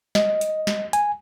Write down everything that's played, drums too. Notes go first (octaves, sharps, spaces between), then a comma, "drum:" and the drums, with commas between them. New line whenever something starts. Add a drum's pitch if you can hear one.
D#5, drum: snare
drum: hi-hat
drum: snare
G#5, drum: hi-hat